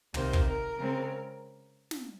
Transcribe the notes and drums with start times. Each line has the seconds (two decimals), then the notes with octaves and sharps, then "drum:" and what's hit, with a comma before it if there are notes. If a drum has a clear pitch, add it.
0.14 C3 D#3 A#3 C5, drum: tom
0.33 drum: kick
0.47 A#4
0.78 C#3 G#3 C4
1.91 drum: snare